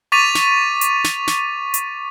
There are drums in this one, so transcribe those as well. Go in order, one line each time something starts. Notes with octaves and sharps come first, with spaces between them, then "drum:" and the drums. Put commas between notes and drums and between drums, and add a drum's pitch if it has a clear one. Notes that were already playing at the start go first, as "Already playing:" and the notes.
C#6 D6 A6 B6 D#7 F7
drum: snare
drum: hi-hat
drum: snare
drum: snare
drum: hi-hat